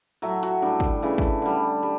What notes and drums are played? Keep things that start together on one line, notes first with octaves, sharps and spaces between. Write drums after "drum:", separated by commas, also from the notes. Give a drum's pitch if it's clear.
A2 F#3 A3 E5
F#4, drum: hi-hat
A2 G3 D4
drum: kick
C#3 E3 A3
drum: kick
D3 G3
G3